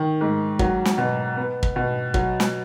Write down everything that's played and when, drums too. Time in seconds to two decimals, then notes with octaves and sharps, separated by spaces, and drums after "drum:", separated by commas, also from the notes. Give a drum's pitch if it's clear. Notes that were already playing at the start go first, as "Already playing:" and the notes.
Already playing: D#3
0.21 G#2
0.59 F#3, drum: kick
0.85 drum: snare
0.98 B2
1.37 B3
1.63 drum: kick
1.76 B2
2.14 F#3, drum: kick
2.40 drum: snare